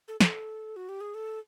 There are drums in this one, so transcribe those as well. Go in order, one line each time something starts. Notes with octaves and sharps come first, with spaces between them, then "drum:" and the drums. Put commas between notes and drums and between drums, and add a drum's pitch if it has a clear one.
A4
A4, drum: snare
F#4
G4
G#4
A4